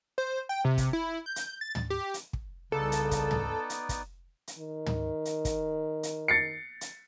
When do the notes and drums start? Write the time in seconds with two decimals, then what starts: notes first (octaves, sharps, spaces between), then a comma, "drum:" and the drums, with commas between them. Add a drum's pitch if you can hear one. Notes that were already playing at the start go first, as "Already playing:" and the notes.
0.18 C5
0.49 G5
0.65 C3
0.78 drum: kick, hi-hat
0.93 E4
1.26 G6
1.36 drum: hi-hat
1.61 A6
1.75 drum: tom
1.90 G4
2.14 drum: hi-hat
2.33 drum: kick
2.72 C2 C#3 B3 D#4 A4 D5
2.92 drum: hi-hat
3.11 drum: kick, hi-hat
3.31 drum: tom
3.70 drum: hi-hat
3.89 drum: kick, hi-hat
4.47 drum: hi-hat
4.58 D#3
4.86 drum: tom
5.25 drum: hi-hat
5.45 drum: kick, hi-hat
6.03 drum: hi-hat
6.28 A6 C7 C#7
6.81 drum: hi-hat